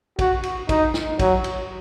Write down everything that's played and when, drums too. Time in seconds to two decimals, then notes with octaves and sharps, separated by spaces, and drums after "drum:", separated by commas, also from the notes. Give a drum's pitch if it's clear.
0.19 F#4, drum: kick, cymbal
0.43 drum: cymbal
0.69 D#4, drum: kick, cymbal
0.94 drum: snare
1.19 F#3, drum: kick, cymbal
1.44 drum: cymbal